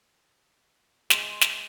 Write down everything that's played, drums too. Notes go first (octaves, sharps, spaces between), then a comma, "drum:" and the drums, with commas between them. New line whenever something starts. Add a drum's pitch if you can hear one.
G#3 C6, drum: snare
drum: snare